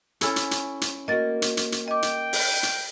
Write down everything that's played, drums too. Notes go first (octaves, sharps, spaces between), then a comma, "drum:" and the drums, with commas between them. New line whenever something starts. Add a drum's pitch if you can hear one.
C#4 E4 A4, drum: hi-hat
drum: hi-hat
drum: hi-hat
drum: hi-hat
A#3 F#4 A#4 D#5 A6
drum: hi-hat
drum: hi-hat
drum: hi-hat
D#5 G5 D6
drum: hi-hat
drum: open hi-hat
drum: hi-hat